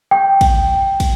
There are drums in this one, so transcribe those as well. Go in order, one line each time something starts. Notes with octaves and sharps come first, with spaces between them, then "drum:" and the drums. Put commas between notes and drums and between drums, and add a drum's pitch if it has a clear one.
G5
drum: kick, cymbal
drum: kick, cymbal